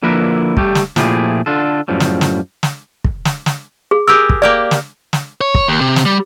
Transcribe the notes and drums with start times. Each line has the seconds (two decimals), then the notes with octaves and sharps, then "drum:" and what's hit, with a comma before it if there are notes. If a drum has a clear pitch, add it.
0.03 D3 F3 A#3 E4 A#4 B4
0.57 G3 A3 G4, drum: kick
0.75 drum: snare
0.96 A#2 F3 A3 E4 G4 G#4, drum: snare
1.46 D3 D4 F4 A4
1.88 F#2 A2 F3 G3
2.00 drum: snare
2.21 drum: snare
2.63 drum: snare
3.04 drum: kick
3.25 drum: snare
3.46 drum: snare
3.91 G#4
4.07 G4 G#4 A#4 E6
4.30 drum: kick
4.42 A#3 G4 A#4 D5
4.71 drum: snare
5.13 drum: snare
5.41 C#5
5.55 drum: kick
5.68 D#2
5.81 C3
5.96 drum: snare
6.05 G3